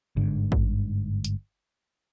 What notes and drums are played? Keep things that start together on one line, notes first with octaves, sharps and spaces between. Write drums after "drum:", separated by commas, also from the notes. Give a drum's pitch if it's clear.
G1 G#2 D3
drum: kick
drum: hi-hat